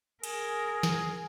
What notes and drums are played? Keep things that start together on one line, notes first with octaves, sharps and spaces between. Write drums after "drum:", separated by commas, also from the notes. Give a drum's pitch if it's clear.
G#4 A#4, drum: cymbal
drum: snare